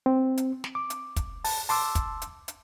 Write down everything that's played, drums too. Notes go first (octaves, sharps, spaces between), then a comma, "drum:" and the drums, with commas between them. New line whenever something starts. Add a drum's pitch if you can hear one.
C4
drum: hi-hat
drum: snare
D6
drum: hi-hat
drum: kick, hi-hat
A5, drum: open hi-hat
A5 C6 D6 E6, drum: open hi-hat
drum: kick, hi-hat
drum: hi-hat
drum: hi-hat